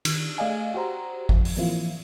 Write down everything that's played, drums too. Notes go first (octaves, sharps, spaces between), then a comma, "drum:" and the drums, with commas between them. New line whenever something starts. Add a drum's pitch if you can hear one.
D#3, drum: cymbal
A3 G#4 D5 D#5 F5 G#5
F#4 G4 C5 A#5
F2 F3, drum: kick
drum: open hi-hat
E3 F3 A#3 C4 E4 F4